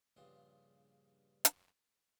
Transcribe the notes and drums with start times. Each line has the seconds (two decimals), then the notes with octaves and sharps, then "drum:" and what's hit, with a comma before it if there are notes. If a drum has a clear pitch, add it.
0.16 A#1 G2 C#3 F4 G#4 F#5
1.45 drum: hi-hat